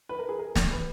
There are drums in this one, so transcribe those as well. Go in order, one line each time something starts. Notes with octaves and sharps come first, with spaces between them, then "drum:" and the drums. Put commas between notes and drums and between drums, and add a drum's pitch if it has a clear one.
B4
A#4
G#4
A#4
drum: snare
B4